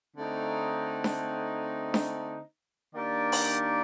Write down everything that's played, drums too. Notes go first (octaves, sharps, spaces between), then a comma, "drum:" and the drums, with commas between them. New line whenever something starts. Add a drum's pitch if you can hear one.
D3 A3 C4 D#4
drum: snare D4
drum: snare D4
D#3 A#3 D4 G4 D5
drum: open hi-hat